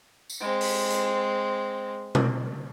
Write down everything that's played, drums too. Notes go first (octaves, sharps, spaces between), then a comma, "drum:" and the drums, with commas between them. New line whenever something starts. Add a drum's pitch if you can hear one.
drum: tambourine
G#3 C4
drum: open hi-hat
drum: hi-hat
drum: tom B2